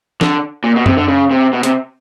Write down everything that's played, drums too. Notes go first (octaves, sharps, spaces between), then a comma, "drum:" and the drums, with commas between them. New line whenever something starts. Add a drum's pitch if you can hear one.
D3, drum: snare
A#2
B2
C3, drum: tom F#2
D3
C#3
C3
B2
C3, drum: hi-hat